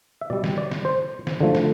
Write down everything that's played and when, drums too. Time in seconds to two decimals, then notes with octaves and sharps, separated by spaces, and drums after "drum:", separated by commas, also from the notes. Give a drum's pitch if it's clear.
0.21 E5
0.30 B2 G3 D5
0.44 drum: snare
0.58 D5
0.71 drum: snare
0.85 C5
1.27 drum: snare
1.41 D3 F3 A3
1.55 drum: snare